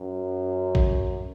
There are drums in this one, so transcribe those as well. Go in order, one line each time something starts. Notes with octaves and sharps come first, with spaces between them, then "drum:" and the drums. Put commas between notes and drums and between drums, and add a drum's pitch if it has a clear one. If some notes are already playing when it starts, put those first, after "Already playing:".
Already playing: F#2
drum: kick